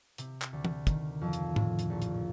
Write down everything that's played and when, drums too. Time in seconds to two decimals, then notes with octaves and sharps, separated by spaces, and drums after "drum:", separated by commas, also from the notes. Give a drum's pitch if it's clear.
0.18 C3, drum: hi-hat
0.42 drum: clap
0.53 D2
0.65 drum: tom
0.87 D#3, drum: kick, hi-hat
1.21 F2
1.33 drum: hi-hat
1.56 A2, drum: tom G#2
1.79 drum: hi-hat
1.90 A#1
2.02 drum: hi-hat